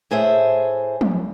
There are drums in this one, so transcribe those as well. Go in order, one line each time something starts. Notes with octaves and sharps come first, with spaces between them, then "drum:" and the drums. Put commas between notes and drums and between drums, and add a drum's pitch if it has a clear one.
A2 G#4 C5 E5
drum: tom